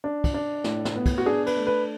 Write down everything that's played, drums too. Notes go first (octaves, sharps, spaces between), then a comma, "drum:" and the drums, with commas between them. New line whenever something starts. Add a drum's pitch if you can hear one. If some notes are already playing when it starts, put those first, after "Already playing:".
D4
drum: kick, cymbal
D4
A2, drum: snare
drum: snare
B3
drum: kick, cymbal
F#4
D4 G#4
B4, drum: cymbal
A3
B4